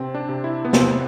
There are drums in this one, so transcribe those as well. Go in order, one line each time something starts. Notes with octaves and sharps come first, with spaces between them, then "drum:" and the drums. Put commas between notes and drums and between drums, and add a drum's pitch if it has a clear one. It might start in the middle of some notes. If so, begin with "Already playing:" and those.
Already playing: C3 C4
D4
C3
E4
B3
C3 C4, drum: snare